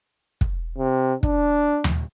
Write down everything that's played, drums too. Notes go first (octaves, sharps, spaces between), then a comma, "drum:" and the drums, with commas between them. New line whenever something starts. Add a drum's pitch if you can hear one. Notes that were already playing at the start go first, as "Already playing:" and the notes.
drum: kick
C3
D4, drum: kick
drum: tom D#2